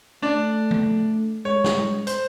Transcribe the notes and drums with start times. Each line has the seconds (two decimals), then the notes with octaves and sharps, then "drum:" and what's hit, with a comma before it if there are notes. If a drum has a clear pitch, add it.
0.22 A3 D4 D5
0.71 drum: tom F3
1.45 G#3 C#5
1.64 drum: snare
1.75 G#3
2.07 C5, drum: hi-hat